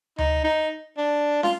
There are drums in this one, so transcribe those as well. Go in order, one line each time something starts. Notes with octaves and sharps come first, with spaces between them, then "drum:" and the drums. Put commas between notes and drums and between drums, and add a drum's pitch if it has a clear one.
D#4, drum: tom D2
D#4
D4
F4, drum: snare